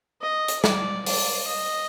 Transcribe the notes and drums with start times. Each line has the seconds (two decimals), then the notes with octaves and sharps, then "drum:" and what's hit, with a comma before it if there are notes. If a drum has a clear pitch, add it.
0.22 D#5
0.48 drum: hi-hat
0.64 D5, drum: snare
1.06 D5, drum: open hi-hat
1.48 D#5